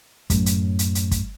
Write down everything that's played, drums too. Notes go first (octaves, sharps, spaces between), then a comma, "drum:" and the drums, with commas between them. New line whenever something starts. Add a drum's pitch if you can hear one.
F#2 A2, drum: kick, hi-hat
drum: hi-hat
drum: hi-hat
drum: hi-hat
drum: kick, hi-hat